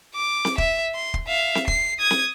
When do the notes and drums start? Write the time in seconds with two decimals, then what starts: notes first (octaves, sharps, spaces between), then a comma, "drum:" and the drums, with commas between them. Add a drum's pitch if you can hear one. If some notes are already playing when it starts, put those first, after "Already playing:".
0.15 D6
0.45 drum: snare C4
0.58 E5, drum: kick
0.95 C6
1.14 drum: kick
1.28 E5 F5
1.55 drum: snare C4
1.68 C7, drum: kick
2.00 D#6 G#6
2.11 drum: snare C4